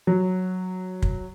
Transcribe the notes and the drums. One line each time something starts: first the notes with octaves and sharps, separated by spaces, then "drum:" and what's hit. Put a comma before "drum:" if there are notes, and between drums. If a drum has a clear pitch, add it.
F#3
drum: kick